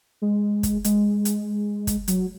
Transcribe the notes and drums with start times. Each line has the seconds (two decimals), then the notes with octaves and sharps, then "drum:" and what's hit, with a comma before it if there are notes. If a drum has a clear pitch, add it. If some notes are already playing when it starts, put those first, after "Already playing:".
0.22 G#3
0.63 drum: kick, hi-hat
0.84 G#3, drum: hi-hat
1.25 drum: hi-hat
1.87 drum: kick, hi-hat
2.08 F#3, drum: hi-hat